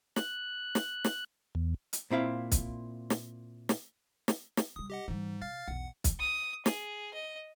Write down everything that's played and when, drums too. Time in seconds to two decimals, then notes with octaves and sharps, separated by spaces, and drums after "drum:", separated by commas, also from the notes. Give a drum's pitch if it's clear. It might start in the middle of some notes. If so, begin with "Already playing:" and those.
0.16 F#6, drum: snare
0.75 drum: snare
1.05 drum: snare
1.55 E2
1.93 drum: hi-hat
2.11 A#2 C4 E4 F5
2.52 drum: kick, hi-hat
3.10 drum: snare
3.69 drum: snare
4.28 drum: snare
4.57 drum: snare
4.76 C3 G3 D#6
4.90 G4 D#5 F#5
5.08 G#2 E3 G3
5.41 C3 F5 F6 A6
5.68 B1 E2 F#5
6.04 drum: kick, hi-hat
6.19 D#6
6.66 G#4, drum: snare
7.14 D#5